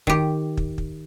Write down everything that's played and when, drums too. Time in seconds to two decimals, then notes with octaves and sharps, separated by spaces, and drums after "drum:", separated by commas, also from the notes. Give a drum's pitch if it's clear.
0.07 D#3 G4, drum: kick
0.57 drum: kick
0.78 drum: kick